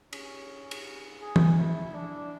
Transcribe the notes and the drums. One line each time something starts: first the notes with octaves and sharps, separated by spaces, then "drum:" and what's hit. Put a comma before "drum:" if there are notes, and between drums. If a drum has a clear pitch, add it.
C#4, drum: cymbal
drum: cymbal
G#4
drum: tom E3
E4
D4